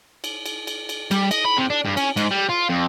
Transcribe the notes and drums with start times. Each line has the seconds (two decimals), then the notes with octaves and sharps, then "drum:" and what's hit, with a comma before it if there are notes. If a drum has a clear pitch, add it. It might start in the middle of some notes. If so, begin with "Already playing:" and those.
0.24 drum: cymbal
0.46 drum: cymbal
0.67 drum: cymbal
0.89 drum: cymbal
1.11 G3, drum: cymbal
1.31 D#5, drum: cymbal
1.45 B5
1.58 C3
1.70 D4
1.85 G2
1.97 C#4, drum: cymbal
2.17 G#2, drum: cymbal
2.31 G3
2.49 F4
2.69 F2